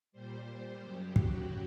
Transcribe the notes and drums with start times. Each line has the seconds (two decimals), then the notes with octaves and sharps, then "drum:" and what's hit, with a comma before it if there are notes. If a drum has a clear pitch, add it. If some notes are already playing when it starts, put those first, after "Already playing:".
0.12 A#2 G3 C5
0.81 F#2 C#3 F#3 G4
1.16 F#4, drum: kick